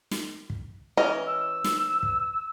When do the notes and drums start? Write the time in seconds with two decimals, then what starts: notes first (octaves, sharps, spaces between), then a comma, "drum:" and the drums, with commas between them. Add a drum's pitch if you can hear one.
0.11 drum: snare
0.50 drum: kick
0.97 E3 C#4 D#5
1.26 E6
1.64 drum: snare
2.03 drum: kick